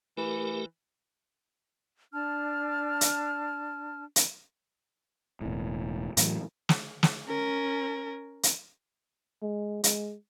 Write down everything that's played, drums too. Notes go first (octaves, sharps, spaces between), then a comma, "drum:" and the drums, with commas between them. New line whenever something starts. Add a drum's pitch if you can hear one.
E3 A3 G4 A#4
D4 A5 F6
drum: hi-hat
drum: hi-hat
E1 A2
A2 E3 F#3, drum: hi-hat
drum: snare
drum: snare
C#4 A#4
drum: hi-hat
G#3
G#3, drum: hi-hat